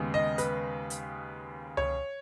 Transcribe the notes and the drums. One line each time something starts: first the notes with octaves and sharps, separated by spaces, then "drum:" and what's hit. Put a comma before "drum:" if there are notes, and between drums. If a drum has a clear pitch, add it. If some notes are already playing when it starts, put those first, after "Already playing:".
Already playing: D#2 C#3 G#3 B3
D#5
B4, drum: hi-hat
drum: hi-hat
C#5, drum: tom C#2